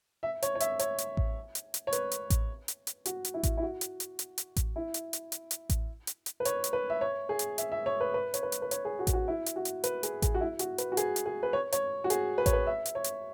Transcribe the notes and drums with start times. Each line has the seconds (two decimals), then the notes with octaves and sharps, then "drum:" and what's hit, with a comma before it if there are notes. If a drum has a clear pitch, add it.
0.23 E5
0.42 C#5, drum: hi-hat
0.55 C#5
0.60 E5, drum: hi-hat
0.79 C#5, drum: hi-hat
0.98 drum: hi-hat
1.17 drum: kick A1
1.55 drum: hi-hat
1.74 drum: hi-hat
1.87 C#5
1.93 B4, drum: hi-hat
2.12 drum: hi-hat
2.30 drum: kick A1, hi-hat
2.68 drum: hi-hat
2.87 drum: hi-hat
3.06 F#4, drum: hi-hat
3.25 drum: hi-hat
3.34 E4
3.43 drum: kick A1, hi-hat
3.58 E4
3.62 F#4
3.81 drum: hi-hat
4.00 drum: hi-hat
4.19 drum: hi-hat
4.38 drum: hi-hat
4.56 drum: kick A1, hi-hat
4.76 E4
4.94 drum: hi-hat
5.13 drum: hi-hat
5.32 drum: hi-hat
5.51 drum: hi-hat
5.70 drum: kick A1, hi-hat
6.07 drum: hi-hat
6.26 drum: hi-hat
6.40 B4
6.45 C#5, drum: hi-hat
6.64 drum: hi-hat
6.73 B4
6.90 E5
7.01 C#5
7.29 G#4
7.39 drum: hi-hat
7.58 E5, drum: hi-hat
7.72 E5
7.86 C#5
8.00 B4
8.14 B4
8.34 C#5, drum: hi-hat
8.43 B4
8.52 drum: hi-hat
8.62 B4
8.71 C#5, drum: hi-hat
8.85 G#4
8.99 F#4
9.07 G#4, drum: kick A1, hi-hat
9.13 F#4
9.28 E4
9.46 drum: hi-hat
9.56 F#4
9.65 drum: hi-hat
9.84 B4, drum: hi-hat
10.03 G#4, drum: hi-hat
10.22 G#4, drum: kick A1, hi-hat
10.34 F#4
10.41 E4
10.59 F#4, drum: hi-hat
10.78 B4, drum: hi-hat
10.92 F#4
10.97 G#4, drum: hi-hat
11.16 drum: hi-hat
11.26 G#4
11.43 B4
11.53 C#5
11.72 C#5, drum: hi-hat
12.04 F#4
12.10 G#4, drum: hi-hat
12.38 B4
12.46 C#5, drum: kick A1, hi-hat
12.53 B4
12.67 E5
12.86 drum: hi-hat
12.95 C#5
13.04 drum: hi-hat